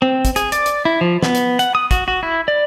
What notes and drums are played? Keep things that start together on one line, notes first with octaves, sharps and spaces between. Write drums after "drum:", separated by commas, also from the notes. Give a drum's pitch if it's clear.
C4
drum: kick, hi-hat
G#4, drum: hi-hat
D5, drum: hi-hat
drum: hi-hat
E4
F3
B3, drum: snare
drum: hi-hat
F#5, drum: hi-hat
D#6
F#4, drum: kick, hi-hat
F#4
E4
D5